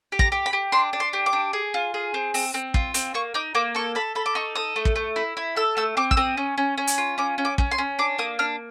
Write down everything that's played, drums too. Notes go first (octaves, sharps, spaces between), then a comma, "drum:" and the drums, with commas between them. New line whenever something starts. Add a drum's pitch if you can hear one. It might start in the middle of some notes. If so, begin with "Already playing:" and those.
G4
A#5, drum: kick
G4
B5
G4
D4 C6
D4
C6
G4
D6
D4
G#4
F4
G#4
C4
C4, drum: open hi-hat
C4
F4, drum: kick
C4, drum: hi-hat
A#3 C#6
D#4 D6
A#3 D6
A4 C#6
A4 B5
A4 B5
D6
D#4 C#6
A4 D#6
A3
drum: kick
A3
E4
E4
A4 E6
A3 E6
C4 D6
E6, drum: kick
C4 D#6
C#4
C#4
C#4
drum: hi-hat
F4
C#4 D6
C#4
D6
C#4, drum: kick
C6
C#4
D4 D6
A#3 D#6
D4 F6